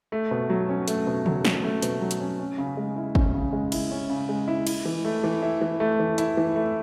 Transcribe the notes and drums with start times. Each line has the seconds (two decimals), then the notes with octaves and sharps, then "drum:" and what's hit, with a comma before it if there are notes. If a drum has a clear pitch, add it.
0.12 A3
0.31 B2
0.50 F#3
0.69 C#4
0.88 A3, drum: hi-hat
1.07 B2
1.26 F#3, drum: tom
1.45 C#4, drum: snare
1.64 A3
1.82 B2, drum: hi-hat
2.02 F#3
2.11 drum: hi-hat
2.20 C#4
2.39 C#4
2.58 C#3
2.77 G#3
2.96 E4
3.15 C#4, drum: kick
3.34 C#3
3.53 G#3
3.72 E4, drum: cymbal
3.91 C#4
4.10 C#3
4.29 G#3
4.48 E4
4.67 E4, drum: cymbal
4.85 E3
5.05 A3
5.24 E3
5.42 E4
5.61 E3
5.80 A3
5.99 E3
6.18 E4, drum: hi-hat
6.37 E3
6.56 A3